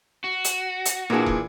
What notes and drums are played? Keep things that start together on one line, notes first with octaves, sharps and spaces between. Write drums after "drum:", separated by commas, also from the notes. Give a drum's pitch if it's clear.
F#4
drum: hi-hat
drum: hi-hat
A#2 E3 A#3 D4 G#4
drum: kick